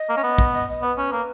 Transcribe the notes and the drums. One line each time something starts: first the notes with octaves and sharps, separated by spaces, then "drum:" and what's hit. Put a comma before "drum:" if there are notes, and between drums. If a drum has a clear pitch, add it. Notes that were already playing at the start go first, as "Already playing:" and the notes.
Already playing: D#5
A#3
C#4
B3
drum: kick
D#5
D#5
B3 B4
C#4
A#3